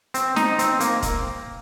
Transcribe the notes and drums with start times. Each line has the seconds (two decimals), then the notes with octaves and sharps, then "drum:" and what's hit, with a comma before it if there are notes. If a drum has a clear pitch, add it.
0.14 C4, drum: hi-hat
0.36 D#4, drum: snare
0.59 C4, drum: hi-hat
0.80 A#3, drum: hi-hat
1.02 drum: kick E1, hi-hat